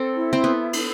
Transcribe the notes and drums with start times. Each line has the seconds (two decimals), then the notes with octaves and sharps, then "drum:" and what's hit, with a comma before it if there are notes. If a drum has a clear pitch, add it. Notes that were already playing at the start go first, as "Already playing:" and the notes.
Already playing: C4 A4
0.14 E4
0.33 C4
0.44 B3 A4
0.73 A4, drum: cymbal